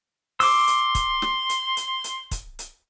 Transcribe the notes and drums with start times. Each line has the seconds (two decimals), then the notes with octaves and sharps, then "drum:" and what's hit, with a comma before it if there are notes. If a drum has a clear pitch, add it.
0.40 C6 D6 E6, drum: open hi-hat
0.67 drum: hi-hat
0.95 drum: kick, hi-hat
1.22 drum: snare
1.49 drum: hi-hat
1.77 drum: hi-hat
2.04 drum: hi-hat
2.31 drum: kick, hi-hat
2.59 drum: hi-hat